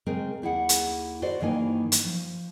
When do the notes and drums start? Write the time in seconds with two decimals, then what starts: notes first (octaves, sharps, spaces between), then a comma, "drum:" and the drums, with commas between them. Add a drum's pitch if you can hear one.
0.06 C#3 G#3 C4 A#4
0.42 D#2 E4 G#4 F#5
0.69 drum: hi-hat
1.22 F#4 A4 C5 D5
1.40 G2 D#3 E3 A#3 G#5
1.92 drum: hi-hat
2.05 F3